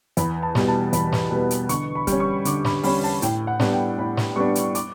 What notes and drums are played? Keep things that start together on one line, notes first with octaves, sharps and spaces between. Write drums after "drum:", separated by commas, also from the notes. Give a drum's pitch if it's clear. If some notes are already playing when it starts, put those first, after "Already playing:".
E2 B5, drum: hi-hat
A5
B2 G3 B3, drum: snare
A5
E2 B5, drum: hi-hat
drum: snare
B2 G3 B3
drum: hi-hat
D3 C#6, drum: hi-hat
B5
G3 C#4, drum: kick, hi-hat
C#6
D3 D6, drum: hi-hat
B5, drum: snare
G3 C#4 B5, drum: open hi-hat
A5, drum: open hi-hat
A2 G5, drum: hi-hat
F#5
G3 B3 D4, drum: snare
G5
A2 B5
drum: snare
G3 B3 D4 C#6
drum: hi-hat
D6, drum: hi-hat